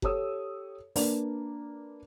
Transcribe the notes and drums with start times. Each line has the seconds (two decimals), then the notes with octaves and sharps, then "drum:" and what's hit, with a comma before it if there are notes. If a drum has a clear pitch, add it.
0.02 G4 A4 C#5 D#6 E6, drum: kick F#1
0.96 A#3 D4 B4 D5, drum: open hi-hat